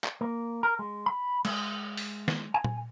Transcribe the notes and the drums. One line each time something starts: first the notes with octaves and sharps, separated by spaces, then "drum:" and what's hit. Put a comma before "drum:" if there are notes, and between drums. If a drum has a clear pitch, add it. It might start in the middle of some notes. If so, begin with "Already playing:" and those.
drum: clap
A#3
A#4
G#3
B5
G#3, drum: cymbal
drum: open hi-hat
drum: snare
G#5
drum: tom A#2